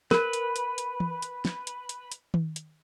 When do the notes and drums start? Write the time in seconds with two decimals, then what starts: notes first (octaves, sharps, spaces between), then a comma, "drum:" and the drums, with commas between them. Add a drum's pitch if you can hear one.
0.11 A#4 B4, drum: snare
0.33 drum: hi-hat
0.56 drum: hi-hat
0.78 drum: hi-hat
1.00 drum: tom E3
1.22 drum: hi-hat
1.45 drum: snare
1.67 drum: hi-hat
1.89 drum: hi-hat
2.12 drum: hi-hat
2.34 drum: tom D#3
2.56 drum: hi-hat